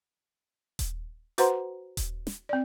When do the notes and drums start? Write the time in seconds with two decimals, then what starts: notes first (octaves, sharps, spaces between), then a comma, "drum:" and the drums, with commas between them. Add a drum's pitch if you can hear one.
0.79 drum: kick D#1, hi-hat
1.38 F#4 B4 C5 F#5 A#5 C6, drum: hi-hat
1.97 drum: kick D#1, hi-hat
2.27 drum: snare
2.49 C4 D5